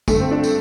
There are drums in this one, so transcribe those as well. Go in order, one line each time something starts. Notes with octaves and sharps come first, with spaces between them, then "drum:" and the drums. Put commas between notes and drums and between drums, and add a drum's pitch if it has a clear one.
G2 D3 A3, drum: kick, tambourine
C4
D4
drum: tambourine